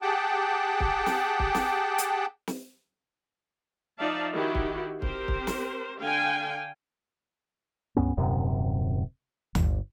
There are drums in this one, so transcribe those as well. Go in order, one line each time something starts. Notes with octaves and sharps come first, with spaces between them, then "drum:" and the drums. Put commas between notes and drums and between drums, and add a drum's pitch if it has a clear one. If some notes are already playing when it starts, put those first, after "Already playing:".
G4 G#4 F#5 G5 A5 D6
drum: kick
drum: snare
drum: kick
drum: snare
drum: hi-hat
drum: snare
F3 D#4 D5 E5 F5 A5
D#3 E4 F#4 G4
drum: kick
C4 G4 A#4 C5, drum: kick
drum: kick
drum: snare
D3 F5 G5 G#5
C#2 G2 B3 C#4
D#1 F#2 C3
G1, drum: tom D2